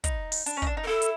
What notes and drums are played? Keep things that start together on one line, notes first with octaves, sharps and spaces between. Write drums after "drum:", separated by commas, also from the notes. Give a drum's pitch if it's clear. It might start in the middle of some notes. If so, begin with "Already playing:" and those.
D#4, drum: kick, hi-hat
drum: open hi-hat
D4, drum: hi-hat
C#4
D#4, drum: kick
D4
D#4
A#4
E4 A4
drum: hi-hat